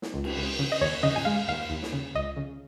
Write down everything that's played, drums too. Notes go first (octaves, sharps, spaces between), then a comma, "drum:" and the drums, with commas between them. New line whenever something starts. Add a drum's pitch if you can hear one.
drum: snare
C#2
drum: cymbal
C#2
C#3
D#5
D#2 C#5
C#3 D#5
G#5, drum: tom
G#3 F5
D#2 F5
D#2
drum: snare
C#3
C#2 D#5
C#3